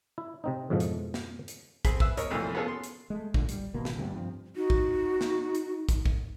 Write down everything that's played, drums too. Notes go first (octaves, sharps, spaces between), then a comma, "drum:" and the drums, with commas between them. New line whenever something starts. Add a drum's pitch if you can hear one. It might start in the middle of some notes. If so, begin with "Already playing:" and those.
E4
C3 C4 D#4
F2 G#2 B2 E3 F3
drum: hi-hat
drum: snare
drum: hi-hat
C4 G#4 B5, drum: kick, hi-hat
B4 E5, drum: kick
A#4 C#5 D#5 E5 A#5, drum: hi-hat
C2 F2 A#2 E3 A3
B3 C#4 F4 G#4 A4 B4
C6
drum: hi-hat
G#3 A3
A1 A#2 D3, drum: kick
G3, drum: hi-hat
G#1 B2 A#3
drum: snare
D2 G2 C3 G3
G2 F3 C4
D#4 F#4
drum: kick
drum: snare
drum: hi-hat
drum: kick, hi-hat
drum: kick